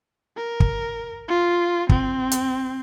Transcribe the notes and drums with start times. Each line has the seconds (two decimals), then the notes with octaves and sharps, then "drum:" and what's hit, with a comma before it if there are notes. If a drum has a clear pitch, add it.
0.37 A#4
0.60 drum: kick
1.28 F4
1.89 C4, drum: kick
2.32 drum: hi-hat